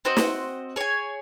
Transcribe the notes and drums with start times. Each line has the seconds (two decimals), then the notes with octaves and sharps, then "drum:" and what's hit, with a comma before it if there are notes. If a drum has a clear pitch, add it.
0.05 C4 F#4 C5 D#5
0.17 drum: snare
0.76 G#4 C#5 G#5